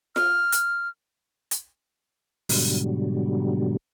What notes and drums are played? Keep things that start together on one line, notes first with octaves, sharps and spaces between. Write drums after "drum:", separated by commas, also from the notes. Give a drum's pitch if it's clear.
F6, drum: snare F4
drum: hi-hat
drum: hi-hat
G#2 B2 D3 F#3 G3, drum: open hi-hat